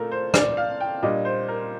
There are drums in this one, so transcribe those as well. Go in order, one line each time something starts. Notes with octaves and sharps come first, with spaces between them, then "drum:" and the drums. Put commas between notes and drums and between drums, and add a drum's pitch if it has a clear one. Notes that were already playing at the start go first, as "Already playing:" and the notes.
Already playing: A#2 A3 A4 A#4
C5
D5, drum: rim click
F5
G5
A#2 G3 D4 D#5
C5
A#4